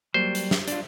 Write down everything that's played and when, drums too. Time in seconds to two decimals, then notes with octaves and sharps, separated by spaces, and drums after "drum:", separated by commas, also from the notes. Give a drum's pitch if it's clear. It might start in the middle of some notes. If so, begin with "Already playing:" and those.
0.14 F#3 G3 A#3 C5
0.35 drum: hi-hat
0.51 drum: snare
0.68 D4 F4, drum: hi-hat